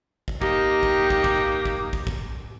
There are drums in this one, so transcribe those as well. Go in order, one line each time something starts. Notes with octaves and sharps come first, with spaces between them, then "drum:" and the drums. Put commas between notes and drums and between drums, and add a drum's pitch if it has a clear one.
drum: kick
A#3 D#4 G4, drum: kick
drum: kick
drum: kick
drum: kick
drum: kick
drum: kick
drum: kick